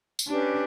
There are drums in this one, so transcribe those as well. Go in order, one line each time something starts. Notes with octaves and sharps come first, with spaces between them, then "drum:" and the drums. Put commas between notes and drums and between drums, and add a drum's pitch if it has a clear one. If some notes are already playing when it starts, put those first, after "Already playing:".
drum: tambourine
C#4 D4 G4 B4 D5